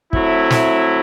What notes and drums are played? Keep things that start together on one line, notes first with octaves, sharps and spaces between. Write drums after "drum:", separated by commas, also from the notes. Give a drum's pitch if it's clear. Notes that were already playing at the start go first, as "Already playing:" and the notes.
F#3 A3 C4 E4, drum: kick
drum: snare